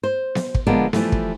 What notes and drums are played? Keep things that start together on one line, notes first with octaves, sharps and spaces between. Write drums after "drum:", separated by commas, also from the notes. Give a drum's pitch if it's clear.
C5
drum: snare B3
drum: kick
D3 F3 G#3 A#3 B3 D4
E3 F3 G3 A3, drum: snare B3
drum: kick